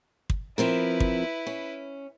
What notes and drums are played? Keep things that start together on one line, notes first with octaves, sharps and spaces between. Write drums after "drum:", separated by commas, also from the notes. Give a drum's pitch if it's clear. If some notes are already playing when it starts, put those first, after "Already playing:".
drum: kick
F3 C4 E4 A#4 B4
drum: kick
C#4